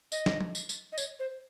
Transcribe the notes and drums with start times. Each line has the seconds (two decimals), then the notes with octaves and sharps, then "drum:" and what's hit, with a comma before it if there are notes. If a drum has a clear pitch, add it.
0.12 D#5, drum: tambourine
0.26 drum: snare
0.41 drum: tom F3
0.55 drum: tambourine
0.69 drum: tambourine
0.92 D#5
0.98 C#5, drum: tambourine
1.19 C5